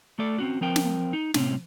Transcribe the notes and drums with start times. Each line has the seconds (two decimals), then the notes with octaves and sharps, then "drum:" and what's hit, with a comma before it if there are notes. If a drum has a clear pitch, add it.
0.19 A3 A4 D5
0.38 C4 C#4 F#4
0.61 F3 C4 A#4 G5
0.76 drum: snare
1.13 D#4
1.34 A2 C3 C4 C#4, drum: snare